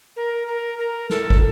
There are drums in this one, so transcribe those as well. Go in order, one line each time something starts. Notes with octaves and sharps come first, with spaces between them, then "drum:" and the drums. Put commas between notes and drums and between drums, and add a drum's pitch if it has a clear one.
A#4
A#4
A#4
A4, drum: snare
drum: kick